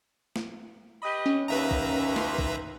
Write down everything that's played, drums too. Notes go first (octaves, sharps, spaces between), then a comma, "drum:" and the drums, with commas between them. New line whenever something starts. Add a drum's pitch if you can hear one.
drum: snare
G4 B4 D#5 B5
C#4
D#2 B4 E5 A#5
drum: kick A#1
C6, drum: snare
drum: kick A#1